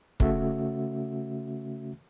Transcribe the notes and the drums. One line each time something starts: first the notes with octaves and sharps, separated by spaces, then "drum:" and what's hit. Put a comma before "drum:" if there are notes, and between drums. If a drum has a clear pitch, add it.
C#3 A3 C#4 F#4 E5, drum: kick